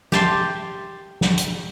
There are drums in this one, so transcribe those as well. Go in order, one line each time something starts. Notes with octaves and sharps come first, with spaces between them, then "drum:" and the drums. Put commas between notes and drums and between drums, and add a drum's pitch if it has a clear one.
G4 A5 C6, drum: snare
drum: snare
drum: hi-hat